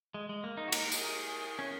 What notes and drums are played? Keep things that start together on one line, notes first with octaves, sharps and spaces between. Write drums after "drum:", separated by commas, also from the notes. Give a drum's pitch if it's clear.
G#3
G#3
A#3
D#4
F#4
D#4, drum: cymbal
A#4
G#4, drum: tambourine
C#4